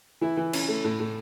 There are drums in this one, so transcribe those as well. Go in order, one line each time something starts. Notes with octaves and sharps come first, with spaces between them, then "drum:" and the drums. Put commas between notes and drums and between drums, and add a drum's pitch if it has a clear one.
E3 E4
E3
C#4, drum: cymbal
A3
A2
A2